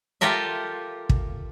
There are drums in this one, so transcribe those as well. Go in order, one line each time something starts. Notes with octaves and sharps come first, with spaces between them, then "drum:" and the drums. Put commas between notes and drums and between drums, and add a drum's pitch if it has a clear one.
F4 G4 A4 A#4 E5
drum: kick